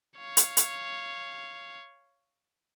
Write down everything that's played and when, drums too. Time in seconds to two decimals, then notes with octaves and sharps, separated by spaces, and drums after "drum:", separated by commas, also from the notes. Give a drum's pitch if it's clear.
0.18 C#5 F5
0.37 drum: hi-hat
0.57 drum: hi-hat